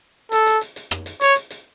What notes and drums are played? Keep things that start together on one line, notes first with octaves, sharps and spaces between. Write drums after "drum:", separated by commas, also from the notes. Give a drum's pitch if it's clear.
A4, drum: hi-hat
drum: hi-hat
drum: hi-hat
drum: hi-hat
drum: rim click
drum: hi-hat
C#5, drum: hi-hat
drum: hi-hat
drum: hi-hat